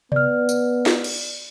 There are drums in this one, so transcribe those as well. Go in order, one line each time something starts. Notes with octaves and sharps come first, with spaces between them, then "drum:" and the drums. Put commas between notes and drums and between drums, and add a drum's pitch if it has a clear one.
B3 D5 F6, drum: tom C3
drum: tambourine
drum: snare
drum: cymbal